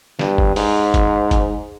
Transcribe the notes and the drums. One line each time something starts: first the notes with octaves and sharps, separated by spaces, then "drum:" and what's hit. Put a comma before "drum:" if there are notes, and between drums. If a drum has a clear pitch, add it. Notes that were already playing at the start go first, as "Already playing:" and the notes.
G2, drum: snare
drum: kick G1
G#2, drum: open hi-hat
drum: kick G1, hi-hat
drum: kick G1, hi-hat